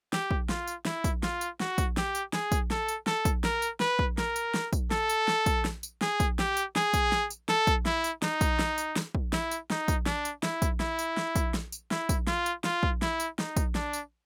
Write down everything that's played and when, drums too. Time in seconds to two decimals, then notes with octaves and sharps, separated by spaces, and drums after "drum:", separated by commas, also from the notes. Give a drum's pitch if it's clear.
0.13 G4, drum: snare
0.31 drum: kick
0.49 F4, drum: snare
0.67 drum: tambourine
0.85 E4, drum: snare
1.04 drum: kick, tambourine
1.23 F4, drum: snare
1.41 drum: tambourine
1.60 F#4, drum: snare
1.78 drum: kick, tambourine
1.97 G4, drum: snare
2.15 drum: tambourine
2.33 G#4, drum: snare
2.52 drum: kick, tambourine
2.71 A4, drum: snare
2.88 drum: tambourine
3.07 A4, drum: snare
3.25 drum: kick, tambourine
3.44 A#4, drum: snare
3.62 drum: tambourine
3.80 B4, drum: snare
3.99 drum: kick
4.18 A#4, drum: snare
4.36 drum: tambourine
4.54 drum: snare
4.73 drum: kick, tambourine
4.91 A4, drum: snare
5.09 drum: tambourine
5.28 drum: snare
5.46 drum: kick, tambourine
5.65 drum: snare
5.83 drum: tambourine
6.01 G#4, drum: snare
6.20 drum: kick, tambourine
6.39 G4, drum: snare
6.57 drum: tambourine
6.76 G#4, drum: snare
6.94 drum: kick, tambourine
7.12 drum: snare
7.30 drum: tambourine
7.49 A4, drum: snare
7.67 drum: kick, tambourine
7.86 E4, drum: snare
8.04 drum: tambourine
8.22 D#4, drum: snare
8.41 drum: kick, tambourine
8.59 drum: snare
8.78 drum: tambourine
8.96 drum: snare
9.15 drum: kick
9.33 E4, drum: snare
9.51 drum: tambourine
9.70 D#4, drum: snare
9.88 drum: kick, tambourine
10.06 D4, drum: snare
10.25 drum: tambourine
10.43 E4, drum: snare
10.62 drum: kick, tambourine
10.80 E4, drum: snare
10.99 drum: tambourine
11.17 drum: snare
11.36 drum: kick, tambourine
11.54 drum: snare
11.72 drum: tambourine
11.91 E4, drum: snare
12.09 drum: kick, tambourine
12.27 F4, drum: snare
12.46 drum: tambourine
12.64 F4, drum: snare
12.83 drum: kick
13.02 E4, drum: snare
13.20 drum: tambourine
13.39 D#4, drum: snare
13.57 drum: kick, tambourine
13.75 D4, drum: snare
13.93 drum: tambourine